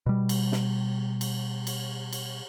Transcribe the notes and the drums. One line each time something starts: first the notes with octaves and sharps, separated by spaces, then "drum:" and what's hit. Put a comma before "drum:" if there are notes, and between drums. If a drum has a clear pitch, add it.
B2 G3
drum: cymbal
drum: snare
drum: cymbal
drum: cymbal
drum: cymbal